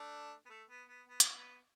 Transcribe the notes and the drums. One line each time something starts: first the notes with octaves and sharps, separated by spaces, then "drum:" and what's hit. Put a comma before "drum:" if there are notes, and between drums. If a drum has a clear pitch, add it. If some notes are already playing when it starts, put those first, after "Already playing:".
Already playing: A3 D4
B3
A3
B3
B3
B3
drum: hi-hat
B3